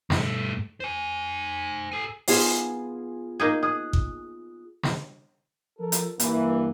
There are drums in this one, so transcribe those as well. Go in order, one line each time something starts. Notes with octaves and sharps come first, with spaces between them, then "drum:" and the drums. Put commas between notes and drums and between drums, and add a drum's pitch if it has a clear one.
G2 A3, drum: snare
C5 G#5
A4 G#5
B3 F4 G#4, drum: open hi-hat
A#3 D#4 G#4
G#4 D#6 F#6
drum: kick G#1
drum: snare
F3 A4 A#4
drum: hi-hat
G2 E3 A#3, drum: hi-hat